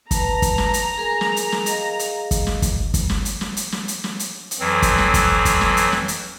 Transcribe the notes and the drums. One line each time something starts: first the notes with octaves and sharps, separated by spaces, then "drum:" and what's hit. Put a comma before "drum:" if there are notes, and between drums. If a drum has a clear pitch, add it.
B4 A5 A#5, drum: kick, hi-hat
drum: kick, hi-hat
drum: snare
drum: hi-hat
G#4 A#4 G#5
drum: snare
drum: hi-hat
drum: snare
G#4 D#5 F5, drum: hi-hat
drum: hi-hat
drum: kick, hi-hat
drum: snare
drum: kick, hi-hat
drum: kick, hi-hat
drum: snare
drum: hi-hat
drum: snare
drum: hi-hat
drum: snare
drum: hi-hat
drum: snare
drum: hi-hat
drum: hi-hat
F2 E3 F#3 C4
drum: kick, hi-hat
drum: snare
drum: kick, hi-hat
drum: kick, hi-hat
drum: snare
drum: hi-hat
drum: snare
drum: hi-hat